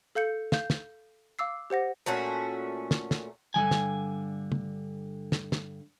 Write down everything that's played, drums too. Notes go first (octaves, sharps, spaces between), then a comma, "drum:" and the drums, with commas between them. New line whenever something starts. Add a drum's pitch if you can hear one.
A4 F5 G6 C#7
F5 G6, drum: snare
drum: snare
F5 D6 E6 C7
G4 C5 F#5 A#6
A#2 A3 C#4 F#4
drum: snare
drum: snare
G2 D3 F3 G#5
drum: snare
drum: tom
drum: snare
drum: snare